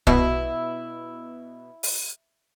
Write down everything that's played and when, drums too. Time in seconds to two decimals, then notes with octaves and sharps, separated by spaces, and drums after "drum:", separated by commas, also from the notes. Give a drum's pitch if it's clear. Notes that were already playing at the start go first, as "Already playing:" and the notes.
0.07 B2 E4, drum: kick
1.83 drum: open hi-hat